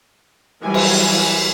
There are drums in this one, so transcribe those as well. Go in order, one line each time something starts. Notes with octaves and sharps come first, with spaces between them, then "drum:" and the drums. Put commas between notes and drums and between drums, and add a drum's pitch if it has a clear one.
E3 F#3 G3 A#4 G#5
drum: cymbal